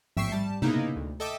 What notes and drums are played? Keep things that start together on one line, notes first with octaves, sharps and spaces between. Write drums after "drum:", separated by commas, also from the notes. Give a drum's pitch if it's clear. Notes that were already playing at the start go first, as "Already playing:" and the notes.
A1 E5 G5 C#6 E6 C7, drum: tom
G3 A5
C#3 A#3 B3 D#4 E4, drum: tom C3
D2
A4 D#5 E5 G5 D6 E6